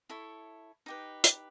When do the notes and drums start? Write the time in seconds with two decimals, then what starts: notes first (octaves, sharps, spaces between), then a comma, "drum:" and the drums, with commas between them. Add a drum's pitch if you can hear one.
0.09 E4 A4 C#5
0.86 D#4 G4 B4
1.24 drum: hi-hat